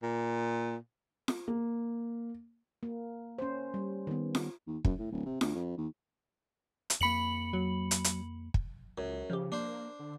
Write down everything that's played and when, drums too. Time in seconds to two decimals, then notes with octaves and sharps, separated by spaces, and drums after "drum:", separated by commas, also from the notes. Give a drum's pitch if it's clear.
0.03 A#2
1.28 drum: snare F4
1.48 A#3
2.83 A#3
3.39 C#4 C5
3.74 G3
4.07 D#3 B3
4.35 drum: snare F4
4.67 D#2
4.85 F#2, drum: kick
4.99 A2
5.11 D1
5.26 C3
5.41 D2, drum: snare F4
5.55 F2
5.77 D#2
6.90 drum: hi-hat
7.01 F2 A#3 B5 C#7 F#7
7.53 F#3
7.91 drum: hi-hat
8.04 drum: hi-hat
8.54 drum: kick
8.98 C#2 F#2
9.30 C#3 F3 G4
9.52 A#3 D4 C5
9.99 D3